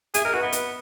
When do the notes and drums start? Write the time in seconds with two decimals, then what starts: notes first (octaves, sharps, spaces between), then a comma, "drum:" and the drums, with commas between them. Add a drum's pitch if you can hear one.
0.14 G#4 E5, drum: hi-hat
0.25 A#4 D#5
0.33 F#4 B4
0.43 B3 D#5
0.52 B4, drum: hi-hat